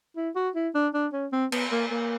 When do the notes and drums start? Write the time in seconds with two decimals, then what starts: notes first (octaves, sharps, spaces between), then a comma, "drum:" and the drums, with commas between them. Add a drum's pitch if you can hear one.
0.17 E4
0.36 F#4
0.55 E4
0.75 D4
0.94 D4
1.13 C#4
1.33 C4
1.52 B3, drum: cymbal
1.72 A#3
1.91 A#3